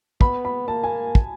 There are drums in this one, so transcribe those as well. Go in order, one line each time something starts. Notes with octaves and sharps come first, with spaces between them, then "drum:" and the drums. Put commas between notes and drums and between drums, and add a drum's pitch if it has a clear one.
B3 B5, drum: kick
B5
A#3 A5
G#5
drum: kick